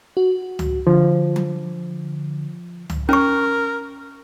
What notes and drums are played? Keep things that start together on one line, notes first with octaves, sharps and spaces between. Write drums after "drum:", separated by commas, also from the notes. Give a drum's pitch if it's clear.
F#4
drum: tom C#2
D3 F3
drum: tom F3
drum: tom C#2
C#4 A#4 C#6